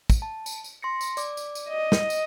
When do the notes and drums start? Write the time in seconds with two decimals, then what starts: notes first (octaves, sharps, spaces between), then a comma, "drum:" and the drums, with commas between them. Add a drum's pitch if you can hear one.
0.10 drum: kick, tambourine
0.22 A5
0.46 drum: tambourine
0.64 drum: tambourine
0.82 C6 A#6 C#7
1.01 drum: tambourine
1.17 D5 D6, drum: tambourine
1.37 drum: tambourine
1.55 drum: tambourine
1.70 D#5
1.92 drum: snare
2.10 drum: tambourine